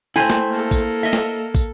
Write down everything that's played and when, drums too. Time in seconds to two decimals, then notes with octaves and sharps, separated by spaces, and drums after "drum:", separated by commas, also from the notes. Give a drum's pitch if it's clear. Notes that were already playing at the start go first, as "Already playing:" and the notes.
0.16 A3 C4 E4 C5 G#5
0.30 drum: snare
0.50 A#3 A4
0.71 drum: kick, tambourine
1.03 D#5 E5
1.13 drum: snare
1.55 drum: kick, tambourine